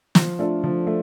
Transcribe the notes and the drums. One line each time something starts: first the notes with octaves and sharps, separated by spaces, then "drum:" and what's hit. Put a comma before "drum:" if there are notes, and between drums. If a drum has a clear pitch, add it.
F3, drum: snare
A3 D4 F4 A4
F3
A3